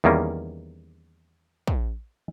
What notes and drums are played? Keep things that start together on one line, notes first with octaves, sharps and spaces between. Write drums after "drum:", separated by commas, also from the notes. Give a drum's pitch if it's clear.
E2 D#3 G3 A#3 C#4
drum: kick